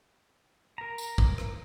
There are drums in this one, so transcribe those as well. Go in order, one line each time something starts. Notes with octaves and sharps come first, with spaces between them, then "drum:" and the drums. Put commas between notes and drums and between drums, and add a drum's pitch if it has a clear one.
A#4 A#5
drum: tambourine
drum: kick
drum: rim click